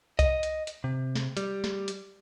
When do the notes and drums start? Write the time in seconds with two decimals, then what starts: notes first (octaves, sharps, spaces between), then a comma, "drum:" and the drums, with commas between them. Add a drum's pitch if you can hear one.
0.19 D#5, drum: kick C2, hi-hat
0.43 drum: hi-hat
0.67 drum: hi-hat
0.84 C3
1.15 drum: snare
1.37 G3, drum: hi-hat
1.64 drum: snare
1.88 drum: hi-hat